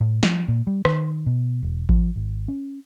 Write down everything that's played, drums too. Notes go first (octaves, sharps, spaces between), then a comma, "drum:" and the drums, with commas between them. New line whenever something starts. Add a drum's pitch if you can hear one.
A2
F3, drum: snare
A#2
G3
D#3, drum: rim click
B2
E1
F3, drum: kick G#1
G#1
C#4